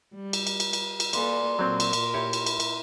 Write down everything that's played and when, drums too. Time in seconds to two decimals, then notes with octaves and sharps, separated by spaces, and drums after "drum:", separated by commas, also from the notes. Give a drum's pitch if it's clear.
0.14 G3
0.33 drum: cymbal
0.47 drum: cymbal
0.60 drum: cymbal
0.73 drum: cymbal
1.00 drum: cymbal
1.13 A#3 A4 B4 D5 F5 G#5 C6, drum: cymbal
1.59 A#2 F#3 C4 A#4
1.80 drum: cymbal
1.93 drum: cymbal
2.14 E4 G4 C#5
2.33 drum: cymbal
2.46 drum: cymbal
2.60 drum: cymbal